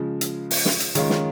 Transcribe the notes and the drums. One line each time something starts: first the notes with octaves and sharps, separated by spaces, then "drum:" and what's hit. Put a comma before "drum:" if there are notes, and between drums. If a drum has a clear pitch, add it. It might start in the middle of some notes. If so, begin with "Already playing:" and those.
Already playing: C#3 F3 G#3
drum: hi-hat
drum: open hi-hat
drum: snare
drum: hi-hat
D#3 G#3 C#4 F4, drum: hi-hat
drum: snare